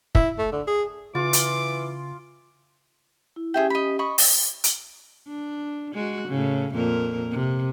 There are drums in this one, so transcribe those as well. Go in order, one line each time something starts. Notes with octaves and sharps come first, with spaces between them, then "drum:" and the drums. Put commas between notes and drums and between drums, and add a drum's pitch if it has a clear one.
E4, drum: kick
A3
D3
G#4
C#3 E3 F4 D6
drum: hi-hat
E4
C#4 G4 G#4 E5 G5
D#5 B5
D#5 B5 C#6
drum: open hi-hat
drum: hi-hat
D4
G#3 F#4
A2 C#3
F2 A#2 A#4
C3